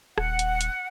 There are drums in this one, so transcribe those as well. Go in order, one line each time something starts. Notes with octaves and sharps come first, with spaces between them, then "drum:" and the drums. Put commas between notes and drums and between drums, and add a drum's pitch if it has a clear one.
D#1 F#5, drum: rim click
drum: hi-hat
drum: hi-hat